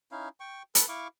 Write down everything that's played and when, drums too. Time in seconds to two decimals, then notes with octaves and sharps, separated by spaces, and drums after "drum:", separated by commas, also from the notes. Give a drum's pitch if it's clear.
0.11 C#4 D#4 E4 F5
0.40 G5 C#6
0.75 A4 B4, drum: hi-hat
0.88 E4 F5 C#6 D6